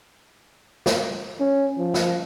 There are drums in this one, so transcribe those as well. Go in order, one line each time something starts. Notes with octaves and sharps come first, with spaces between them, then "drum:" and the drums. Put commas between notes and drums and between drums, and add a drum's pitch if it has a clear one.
drum: snare
C#4
F3
drum: snare